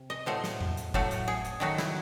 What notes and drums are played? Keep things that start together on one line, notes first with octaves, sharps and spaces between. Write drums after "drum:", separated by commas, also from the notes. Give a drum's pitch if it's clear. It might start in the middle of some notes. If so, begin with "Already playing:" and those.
Already playing: C3
D#5
A2 F#3 A3 C5
drum: snare
drum: tom E2
drum: hi-hat
A2 F#3 A3, drum: kick
drum: hi-hat
G#4
drum: hi-hat
D#3 F#3 A3 F#4
E4, drum: snare